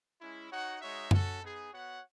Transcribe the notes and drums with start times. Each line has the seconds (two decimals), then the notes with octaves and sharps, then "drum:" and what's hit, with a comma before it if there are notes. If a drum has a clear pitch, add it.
0.21 G#3 C#4 E4
0.51 D#4 F#4 C#5 F#5
0.81 G#3 D#4 F#4 C#5 E5
1.11 C#4 F#4 A4, drum: tom F#2
1.41 B3 D#4 G#4
1.72 B3 F#4 C#5 F#5